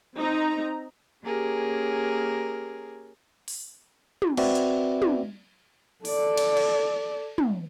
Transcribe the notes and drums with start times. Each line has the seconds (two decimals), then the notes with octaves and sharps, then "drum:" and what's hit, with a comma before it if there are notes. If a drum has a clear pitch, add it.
0.16 C4 D#4 A#5
1.22 A#3 C#4 G4 G#4 A#4
3.48 drum: open hi-hat
4.22 drum: tom
4.37 C4 F#4 B4 D5 E5, drum: cymbal
4.55 drum: hi-hat
5.02 drum: tom
6.05 A4 D5, drum: open hi-hat
6.37 drum: cymbal
6.57 drum: cymbal
7.38 drum: tom